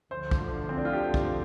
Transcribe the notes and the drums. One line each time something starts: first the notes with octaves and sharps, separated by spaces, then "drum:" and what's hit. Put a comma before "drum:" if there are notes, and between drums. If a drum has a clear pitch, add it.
D2 D3 F3 C5
drum: kick
C4
D4
F4
G4
drum: kick